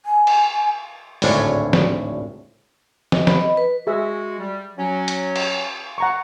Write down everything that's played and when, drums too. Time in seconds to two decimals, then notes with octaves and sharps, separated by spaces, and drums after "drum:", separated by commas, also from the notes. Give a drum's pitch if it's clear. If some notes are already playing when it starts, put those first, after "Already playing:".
0.06 G#5
0.27 drum: cymbal
1.22 G#1 D2 A2 C#4 D4 C#5, drum: open hi-hat
1.73 drum: snare
3.12 D#5, drum: snare
3.27 B5, drum: snare
3.41 D#5
3.57 B4
3.87 G#3 F#4 G#4 E5
4.39 G3
4.78 F#3 C#4
5.08 drum: hi-hat
5.36 drum: cymbal
5.98 F#5 A#5 C#6